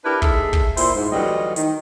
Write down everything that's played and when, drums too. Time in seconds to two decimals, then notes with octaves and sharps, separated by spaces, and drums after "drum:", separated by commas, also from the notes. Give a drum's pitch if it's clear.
0.05 D4 E4 G4 A#4 B4
0.22 D#2 G#3 G#4 A4 E5, drum: kick
0.53 drum: kick
0.77 A#2 E4 C5, drum: open hi-hat
0.95 G#2
1.12 D2 E3 F#3 G3 F4 D#5
1.56 D#3, drum: hi-hat